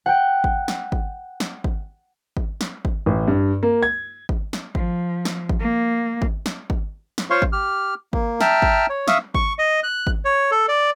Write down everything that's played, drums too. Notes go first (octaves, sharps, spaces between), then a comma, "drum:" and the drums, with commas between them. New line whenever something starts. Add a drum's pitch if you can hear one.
F#5 G5
drum: kick G#1
drum: snare
drum: kick G#1
drum: snare
drum: kick G#1
drum: kick G#1
drum: snare
drum: kick G#1
A1
G2
A#3
G#6
drum: kick G#1
drum: snare
F3, drum: kick G#1
drum: snare
drum: kick G#1
A#3
drum: kick G#1
drum: snare
drum: kick G#1
drum: snare
F4 C5 C#5 F5 C6 C#6
drum: kick G#1
G4 F6
A#3, drum: kick G#1
E5 G5 A5 A#5 F6, drum: snare
drum: kick G#1
C#5
E5 F5 C#6 D#6 E6, drum: snare
C#6, drum: kick G#1
D#5
F#6
drum: kick G#1
C#5
A4
D5